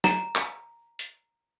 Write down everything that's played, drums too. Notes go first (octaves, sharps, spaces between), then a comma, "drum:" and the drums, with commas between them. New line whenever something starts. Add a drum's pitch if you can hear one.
A#5, drum: snare
drum: clap
drum: hi-hat